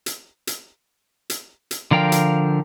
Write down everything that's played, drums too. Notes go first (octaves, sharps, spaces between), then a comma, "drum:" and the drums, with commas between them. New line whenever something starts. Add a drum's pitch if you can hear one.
drum: hi-hat
drum: hi-hat
drum: hi-hat
drum: hi-hat
D3 F3 A#4 F5 G5
drum: hi-hat